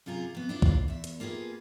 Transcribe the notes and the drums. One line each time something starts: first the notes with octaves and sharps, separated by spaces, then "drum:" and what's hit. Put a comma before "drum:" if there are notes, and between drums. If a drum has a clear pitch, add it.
F#2 C3 F4 G#4 A#5
F2 B3
D4 E4 F4
drum: kick
E2 E5
drum: hi-hat
A#3 F4 G4 G#4 B4